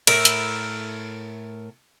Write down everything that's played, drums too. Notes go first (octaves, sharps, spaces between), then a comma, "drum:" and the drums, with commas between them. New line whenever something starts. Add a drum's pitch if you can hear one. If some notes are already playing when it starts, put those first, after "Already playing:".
A2 A#4 E5, drum: cymbal
drum: hi-hat